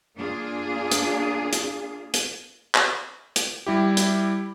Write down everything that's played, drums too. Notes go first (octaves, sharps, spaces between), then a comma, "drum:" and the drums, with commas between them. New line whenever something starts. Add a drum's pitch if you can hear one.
A#3 D4 F4 G#4
drum: hi-hat
drum: hi-hat
drum: hi-hat
drum: clap
drum: hi-hat
G3 E4 G4
drum: hi-hat